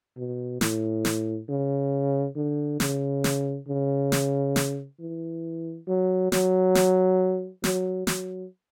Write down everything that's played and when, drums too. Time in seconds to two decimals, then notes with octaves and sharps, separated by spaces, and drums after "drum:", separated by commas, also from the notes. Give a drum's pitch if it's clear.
0.17 B2
0.61 A2, drum: snare
1.05 drum: snare
1.49 C#3
2.36 D3
2.80 C#3, drum: snare
3.24 drum: snare
3.68 C#3
4.12 drum: snare
4.56 drum: snare
5.00 E3
5.88 F#3
6.32 F#3, drum: snare
6.75 drum: snare
7.64 F#3, drum: snare
8.07 F#3, drum: snare